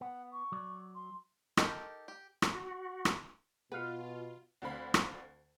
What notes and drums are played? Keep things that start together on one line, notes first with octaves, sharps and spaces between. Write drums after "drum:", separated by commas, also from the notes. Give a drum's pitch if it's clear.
B3 F#5
C#6
F#3 D5
C6
D#4 G4 A4 A#4, drum: rim click
G4
drum: rim click
F#4
drum: rim click
B2 F4 B4 F5 F#5
D2 D3 C4 F5 B5
drum: rim click